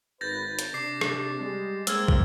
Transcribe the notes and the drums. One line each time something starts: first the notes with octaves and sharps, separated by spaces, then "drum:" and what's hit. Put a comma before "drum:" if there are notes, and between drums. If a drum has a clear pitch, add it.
G#1 B4 G6 A6 A#6
drum: hi-hat
C3 D4 D6 C7
drum: rim click
G3 G#3
G#3 A#3 C4 E6 F6 G#6, drum: hi-hat
drum: kick